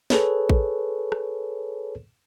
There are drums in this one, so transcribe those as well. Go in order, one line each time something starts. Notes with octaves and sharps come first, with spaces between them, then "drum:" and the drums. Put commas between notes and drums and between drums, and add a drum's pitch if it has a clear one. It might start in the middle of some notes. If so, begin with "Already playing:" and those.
G#4 A4 B4 C#5, drum: snare
drum: kick A1
drum: rim click